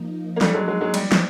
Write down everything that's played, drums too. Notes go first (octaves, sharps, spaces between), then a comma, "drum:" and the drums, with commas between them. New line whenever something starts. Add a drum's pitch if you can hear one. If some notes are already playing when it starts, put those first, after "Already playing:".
Already playing: F3 A#3 D#4
A#3
G3 A3, drum: snare
F#3 G#3
F#3 G#3
F#3 G#3
G3, drum: cymbal
drum: snare